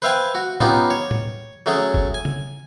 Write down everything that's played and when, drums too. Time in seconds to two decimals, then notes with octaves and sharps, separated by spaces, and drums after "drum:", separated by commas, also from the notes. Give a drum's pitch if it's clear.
0.02 B4 C5 E5 F5 G5 G#5
0.35 F#4
0.60 B3 C#4 D#4 F4 G4, drum: tom A2
0.90 C#5
1.11 drum: tom A2
1.66 F#3 A3 C#4 G#4
1.94 drum: kick
2.14 G#5
2.25 drum: tom C#3